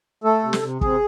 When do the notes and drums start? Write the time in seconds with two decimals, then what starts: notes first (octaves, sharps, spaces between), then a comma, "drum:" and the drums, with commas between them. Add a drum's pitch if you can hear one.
0.24 A3 A4
0.43 C3
0.53 drum: snare
0.62 C3
0.81 C3 G#4, drum: kick